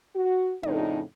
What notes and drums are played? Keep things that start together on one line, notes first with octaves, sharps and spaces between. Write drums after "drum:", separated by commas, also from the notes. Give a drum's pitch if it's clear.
F#4
F2 A2 C#3 D4 D#4, drum: tom